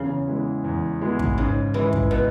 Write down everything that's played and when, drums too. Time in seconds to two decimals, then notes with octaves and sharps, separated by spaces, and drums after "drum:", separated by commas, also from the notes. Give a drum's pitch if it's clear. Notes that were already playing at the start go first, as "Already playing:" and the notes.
Already playing: E2 C#3
0.28 E3 G#3 B3
0.64 E2
1.01 E3 G#3 B3
1.19 drum: kick
1.38 G#2 C#3
1.74 E3 G#3 E4
1.93 drum: kick
2.11 B2